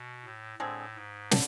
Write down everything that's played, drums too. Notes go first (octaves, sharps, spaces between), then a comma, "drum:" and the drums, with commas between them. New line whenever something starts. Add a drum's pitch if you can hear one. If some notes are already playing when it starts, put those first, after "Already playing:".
Already playing: B2
A2
A2 D3 G#3 C4 G#4
G#2
D3, drum: snare